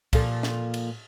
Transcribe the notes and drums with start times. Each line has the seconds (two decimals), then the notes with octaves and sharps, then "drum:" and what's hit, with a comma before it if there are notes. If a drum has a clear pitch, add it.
0.13 A#2 F3 A4, drum: kick, cymbal
0.43 drum: snare
0.74 drum: cymbal